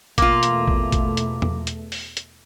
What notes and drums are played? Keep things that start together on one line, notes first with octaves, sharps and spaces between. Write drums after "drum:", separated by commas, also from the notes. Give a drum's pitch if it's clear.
E2 B2 A3 A#3 F4 D6, drum: kick A1, hi-hat
drum: hi-hat
drum: kick A1
drum: kick A1, hi-hat
drum: hi-hat
drum: tom E2
drum: hi-hat
drum: open hi-hat
drum: hi-hat